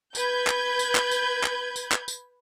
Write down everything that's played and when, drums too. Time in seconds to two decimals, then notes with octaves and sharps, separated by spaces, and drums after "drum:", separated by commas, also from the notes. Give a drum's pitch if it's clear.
0.15 B4 G6 G#6, drum: tambourine
0.47 drum: clap
0.79 drum: tambourine
0.95 drum: clap
1.11 drum: tambourine
1.44 drum: clap
1.76 drum: tambourine
1.92 drum: clap
2.08 drum: tambourine